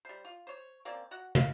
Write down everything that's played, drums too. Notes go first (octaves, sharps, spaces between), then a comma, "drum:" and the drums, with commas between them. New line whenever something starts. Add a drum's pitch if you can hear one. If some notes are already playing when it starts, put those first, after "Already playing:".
G3 C5
F4
C5 C#5
A#3 C4 C#4 D5
F#4 F#5
F5, drum: tom